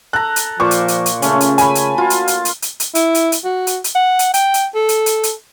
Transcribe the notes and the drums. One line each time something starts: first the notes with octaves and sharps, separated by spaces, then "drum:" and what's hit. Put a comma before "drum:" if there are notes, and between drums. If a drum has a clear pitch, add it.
A4 A#5 F#6
drum: hi-hat
A#2 F3 C5 C#6 D6
drum: hi-hat
drum: hi-hat
drum: hi-hat
C#3 A3 C#4, drum: hi-hat
drum: hi-hat
G#5 B5, drum: hi-hat
drum: hi-hat
F4 F#4
drum: hi-hat
drum: hi-hat
drum: hi-hat
drum: hi-hat
drum: hi-hat
E4, drum: hi-hat
drum: hi-hat
drum: hi-hat
F#4
drum: hi-hat
drum: hi-hat
F#5
drum: hi-hat
G5, drum: hi-hat
drum: hi-hat
A4
drum: hi-hat
drum: hi-hat
drum: hi-hat